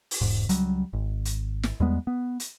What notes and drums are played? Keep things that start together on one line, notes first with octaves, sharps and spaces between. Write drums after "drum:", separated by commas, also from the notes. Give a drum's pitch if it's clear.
drum: open hi-hat
E1 G#2
C#2 F#3 G3, drum: hi-hat
G#1
drum: hi-hat
drum: snare
E2 G3 G#3 B3
B3
drum: hi-hat